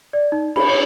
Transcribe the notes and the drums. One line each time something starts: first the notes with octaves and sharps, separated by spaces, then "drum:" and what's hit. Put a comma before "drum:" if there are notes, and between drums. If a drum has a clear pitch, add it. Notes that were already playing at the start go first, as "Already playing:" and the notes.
D5
D#4
B5, drum: cymbal
C#5